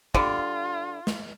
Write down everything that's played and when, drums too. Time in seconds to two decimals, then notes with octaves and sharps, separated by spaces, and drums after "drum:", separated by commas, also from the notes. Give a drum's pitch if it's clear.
0.14 D3 G3 F4, drum: kick
1.07 drum: snare